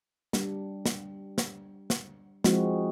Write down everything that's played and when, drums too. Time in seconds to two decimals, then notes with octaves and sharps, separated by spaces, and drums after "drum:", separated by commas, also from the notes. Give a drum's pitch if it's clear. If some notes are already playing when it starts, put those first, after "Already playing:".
0.33 G3 D4, drum: snare
0.86 drum: snare
1.38 drum: snare
1.90 drum: snare
2.44 F3 G#3 C4 E4 F#4, drum: snare